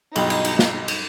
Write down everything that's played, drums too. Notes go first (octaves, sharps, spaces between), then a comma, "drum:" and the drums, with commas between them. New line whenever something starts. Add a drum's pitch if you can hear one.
B1 G2 F3 F#3 D#4 G#4 G5 B5, drum: cymbal
drum: cymbal
drum: cymbal
drum: snare
drum: cymbal